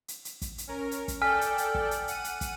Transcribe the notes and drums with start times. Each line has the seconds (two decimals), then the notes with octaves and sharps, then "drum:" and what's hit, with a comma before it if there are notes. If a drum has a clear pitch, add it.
0.08 drum: hi-hat
0.25 drum: hi-hat
0.42 drum: kick, hi-hat
0.58 drum: hi-hat
0.67 C#4 A#4
0.91 drum: hi-hat
1.08 drum: kick, hi-hat
1.22 A4 D5 G5 G#5 F6 B6
1.41 drum: hi-hat
1.58 drum: hi-hat
1.75 drum: kick
1.91 drum: hi-hat
2.08 F#5 D#7, drum: hi-hat
2.24 drum: hi-hat
2.41 drum: kick, hi-hat